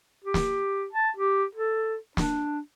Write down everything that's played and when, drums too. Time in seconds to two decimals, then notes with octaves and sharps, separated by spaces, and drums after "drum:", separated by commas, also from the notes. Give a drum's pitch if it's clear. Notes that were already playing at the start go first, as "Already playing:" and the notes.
0.24 G4
0.34 drum: snare
0.92 A5
1.16 G4
1.55 A4
2.17 D4, drum: snare